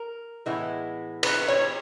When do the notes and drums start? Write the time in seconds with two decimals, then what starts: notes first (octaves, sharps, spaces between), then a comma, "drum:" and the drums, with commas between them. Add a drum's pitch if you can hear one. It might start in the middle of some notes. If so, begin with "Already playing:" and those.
Already playing: A#4
0.46 A2 E3 G#3 B3 E4
1.23 B4, drum: cymbal
1.48 C#5